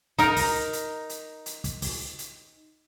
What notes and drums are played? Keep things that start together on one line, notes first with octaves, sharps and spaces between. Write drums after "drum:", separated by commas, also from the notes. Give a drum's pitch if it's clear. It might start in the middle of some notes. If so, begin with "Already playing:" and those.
D#4 A#4, drum: kick, hi-hat
drum: kick, open hi-hat
drum: hi-hat
drum: hi-hat
drum: hi-hat
drum: kick, hi-hat
drum: kick, open hi-hat
drum: hi-hat